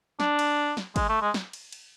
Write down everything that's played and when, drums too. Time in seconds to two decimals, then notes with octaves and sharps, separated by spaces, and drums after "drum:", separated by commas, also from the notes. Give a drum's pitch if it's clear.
0.20 D4, drum: snare
0.39 drum: cymbal
0.77 drum: snare
0.96 G#3, drum: kick, cymbal
1.09 A3
1.21 G#3
1.34 drum: snare
1.53 drum: cymbal
1.72 drum: cymbal